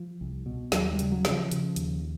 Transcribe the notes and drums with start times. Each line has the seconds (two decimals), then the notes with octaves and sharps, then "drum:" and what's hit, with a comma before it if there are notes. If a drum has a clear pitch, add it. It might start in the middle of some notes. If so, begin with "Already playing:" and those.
Already playing: F3
0.21 C2
0.46 B2
0.72 D#2 F#3, drum: snare
0.93 G3
0.99 C#3, drum: hi-hat
1.12 F#3
1.25 C#3, drum: snare
1.31 F3
1.51 C#3, drum: hi-hat
1.76 D#2, drum: hi-hat